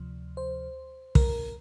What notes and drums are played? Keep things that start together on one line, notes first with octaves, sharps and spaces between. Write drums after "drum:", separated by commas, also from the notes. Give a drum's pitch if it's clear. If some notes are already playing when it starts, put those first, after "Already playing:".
Already playing: D2 C3 F3
C5
A#4, drum: kick